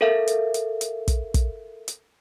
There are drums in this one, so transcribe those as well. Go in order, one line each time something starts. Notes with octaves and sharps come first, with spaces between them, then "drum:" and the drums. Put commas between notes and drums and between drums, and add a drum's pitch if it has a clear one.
A4 A#4 E5 F5
drum: hi-hat
drum: hi-hat
drum: hi-hat
drum: kick, hi-hat
drum: kick, hi-hat
drum: hi-hat